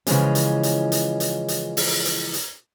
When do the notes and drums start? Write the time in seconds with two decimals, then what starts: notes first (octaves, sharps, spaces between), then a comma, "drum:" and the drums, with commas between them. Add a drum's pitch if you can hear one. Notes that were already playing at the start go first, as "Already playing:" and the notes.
0.07 C#3 E3 F3 G#3 C#4, drum: hi-hat
0.35 drum: hi-hat
0.63 drum: hi-hat
0.92 drum: hi-hat
1.20 drum: hi-hat
1.48 drum: hi-hat
1.77 drum: open hi-hat
2.05 drum: hi-hat
2.34 drum: hi-hat